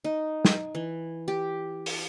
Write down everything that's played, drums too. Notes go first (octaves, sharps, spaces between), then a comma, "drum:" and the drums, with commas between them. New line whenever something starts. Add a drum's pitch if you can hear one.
D#4
drum: snare
E3
G4
drum: open hi-hat